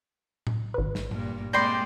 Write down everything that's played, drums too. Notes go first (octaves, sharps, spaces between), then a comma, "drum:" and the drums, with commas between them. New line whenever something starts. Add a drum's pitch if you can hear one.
drum: tom A2
G#1 B4
drum: snare
G2 A#2 A#3, drum: tom G#2
G#3 A#3 C4 D5 G5 B5 C6 A#6